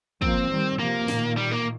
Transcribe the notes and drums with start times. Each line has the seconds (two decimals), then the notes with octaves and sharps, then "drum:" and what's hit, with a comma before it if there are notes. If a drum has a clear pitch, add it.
0.22 F3 A#3 C4, drum: kick
0.51 D#3 G3
0.79 C3 F3 A#3
1.08 A#2 D#3, drum: snare
1.37 G3
1.51 A#3